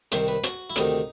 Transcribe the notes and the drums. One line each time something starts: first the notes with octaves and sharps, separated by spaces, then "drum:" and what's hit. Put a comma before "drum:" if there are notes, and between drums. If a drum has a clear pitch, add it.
C2 C3 D#3 C5, drum: hi-hat
B4
F#4, drum: hi-hat
E4
D2 C3 D#3 D#4, drum: hi-hat